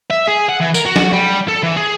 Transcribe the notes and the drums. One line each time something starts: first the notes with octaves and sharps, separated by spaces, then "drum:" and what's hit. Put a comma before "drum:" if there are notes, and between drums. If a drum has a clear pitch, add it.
E5
G#4
F#5
E3
A#4, drum: tambourine
F#4
drum: snare
G3
A4
E3
G#4